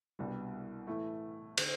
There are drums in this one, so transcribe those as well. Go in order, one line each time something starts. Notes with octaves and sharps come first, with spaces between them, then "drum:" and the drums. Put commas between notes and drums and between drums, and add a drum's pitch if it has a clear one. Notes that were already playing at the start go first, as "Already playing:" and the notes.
C2 B2 G3 D4
A2 E3 A3 E4
D3, drum: cymbal